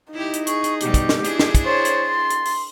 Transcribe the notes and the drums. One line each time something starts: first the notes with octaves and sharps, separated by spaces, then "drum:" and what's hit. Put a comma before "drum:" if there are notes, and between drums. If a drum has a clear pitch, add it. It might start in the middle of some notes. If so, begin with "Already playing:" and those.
D#4 E4 G4
drum: hi-hat
G#4 C#6, drum: hi-hat
drum: hi-hat
B2 G3 G4, drum: hi-hat
drum: kick, hi-hat
drum: snare
D4 E4 G#4, drum: hi-hat
drum: snare
drum: kick, hi-hat
C5 C#5 A6
drum: hi-hat
C6
drum: hi-hat
drum: open hi-hat